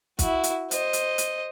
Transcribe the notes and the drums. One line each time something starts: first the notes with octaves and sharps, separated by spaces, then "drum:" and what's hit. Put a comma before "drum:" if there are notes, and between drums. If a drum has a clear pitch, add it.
E4 F#4, drum: kick, hi-hat
drum: hi-hat
C5 D#5, drum: hi-hat
drum: hi-hat
drum: hi-hat